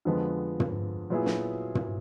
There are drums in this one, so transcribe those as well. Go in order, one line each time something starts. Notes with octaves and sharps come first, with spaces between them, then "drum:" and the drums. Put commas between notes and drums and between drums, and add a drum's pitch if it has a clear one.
F2 D3 F3 G#3 B3
drum: tom
A#2 F#3 B3 E4 G#4
drum: snare
drum: tom